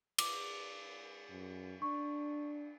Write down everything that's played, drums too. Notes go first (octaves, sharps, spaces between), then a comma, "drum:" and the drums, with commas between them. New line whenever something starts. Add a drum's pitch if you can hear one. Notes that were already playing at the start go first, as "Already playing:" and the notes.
D6, drum: cymbal
F#2
D4 C#6